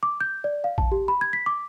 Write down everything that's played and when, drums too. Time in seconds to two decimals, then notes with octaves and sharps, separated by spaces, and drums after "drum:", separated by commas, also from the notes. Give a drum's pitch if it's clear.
0.03 D6
0.21 G6
0.44 D5
0.64 F5
0.78 A5, drum: kick A#1
0.92 G4
1.08 B5
1.21 G#6
1.33 B6
1.46 D6